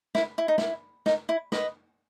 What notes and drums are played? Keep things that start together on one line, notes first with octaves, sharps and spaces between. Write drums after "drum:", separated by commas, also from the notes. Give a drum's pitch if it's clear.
E4, drum: snare
E4
D#4
E4, drum: snare
D#4, drum: snare
E4
B4 D#5, drum: snare